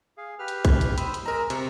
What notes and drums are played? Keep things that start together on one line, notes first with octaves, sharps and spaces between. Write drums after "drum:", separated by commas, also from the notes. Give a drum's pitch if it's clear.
G#4 F5
G4 B4 F6
drum: hi-hat
drum: kick A#1, hi-hat
drum: hi-hat
C5 B5 D#6 E6, drum: hi-hat
drum: hi-hat
G#3 A#4 D#5 A#5 E6
C3 A#4 C#6, drum: hi-hat